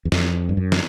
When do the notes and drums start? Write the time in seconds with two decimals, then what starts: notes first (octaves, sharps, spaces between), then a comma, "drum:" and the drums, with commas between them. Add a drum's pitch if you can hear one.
0.05 E2
0.12 F2, drum: snare
0.49 G2
0.57 F#2
0.72 drum: snare